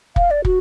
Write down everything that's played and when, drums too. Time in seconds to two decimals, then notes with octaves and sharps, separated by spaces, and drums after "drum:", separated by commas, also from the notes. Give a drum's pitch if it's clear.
0.16 F5, drum: kick
0.31 D5
0.45 F#4, drum: kick